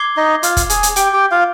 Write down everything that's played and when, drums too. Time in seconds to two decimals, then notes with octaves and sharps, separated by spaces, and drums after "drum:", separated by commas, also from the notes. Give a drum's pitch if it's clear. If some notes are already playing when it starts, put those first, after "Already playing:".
Already playing: D6 G#6 C7 G7
0.17 D#4 D#5
0.43 F4 F5, drum: hi-hat
0.57 drum: kick, hi-hat
0.70 G#4 G#5, drum: hi-hat
0.83 drum: hi-hat
0.96 G4 G5 D6 G6 D7 G7, drum: hi-hat
1.13 G4 G5
1.31 F4 F5